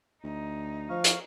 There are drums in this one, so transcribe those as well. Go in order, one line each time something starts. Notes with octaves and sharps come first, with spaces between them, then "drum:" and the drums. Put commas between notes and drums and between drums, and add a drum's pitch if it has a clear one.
D2 D#4
F3 F5 C#6 F6
drum: hi-hat